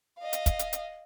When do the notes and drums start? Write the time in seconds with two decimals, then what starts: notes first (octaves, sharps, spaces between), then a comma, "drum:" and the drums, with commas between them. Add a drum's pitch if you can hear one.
0.19 D#5 F5
0.33 drum: hi-hat
0.46 drum: kick, hi-hat
0.59 drum: hi-hat
0.73 drum: hi-hat